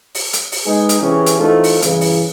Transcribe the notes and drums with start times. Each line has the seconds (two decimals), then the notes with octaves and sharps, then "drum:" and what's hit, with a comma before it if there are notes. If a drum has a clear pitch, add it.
0.15 drum: open hi-hat
0.33 drum: hi-hat
0.52 drum: open hi-hat
0.65 G#3 B3 D#4 G#4
0.89 drum: hi-hat
1.00 C3 E3 C#4 G4 G#4
1.26 drum: hi-hat
1.38 E3 A3 C4 D#4 F4
1.64 drum: open hi-hat
1.82 G2 C#3 E3, drum: hi-hat
2.01 drum: open hi-hat